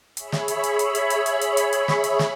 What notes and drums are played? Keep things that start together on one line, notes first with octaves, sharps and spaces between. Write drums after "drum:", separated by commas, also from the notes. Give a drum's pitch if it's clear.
G#4 C#5 E5 B5, drum: hi-hat
drum: snare
drum: hi-hat
drum: hi-hat
drum: hi-hat
drum: hi-hat
drum: hi-hat
drum: hi-hat
drum: hi-hat
drum: hi-hat
drum: hi-hat
drum: snare
drum: hi-hat
drum: snare